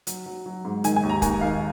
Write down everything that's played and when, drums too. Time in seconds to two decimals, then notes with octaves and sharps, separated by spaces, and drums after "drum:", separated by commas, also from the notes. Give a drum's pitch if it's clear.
0.07 F#3, drum: hi-hat
0.26 F#3
0.46 F#3
0.65 G#2
0.84 D#3 G#5, drum: hi-hat
0.96 G#5
1.03 D#2
1.10 A#5
1.22 D#2 G#5, drum: kick, hi-hat
1.41 D#3 F5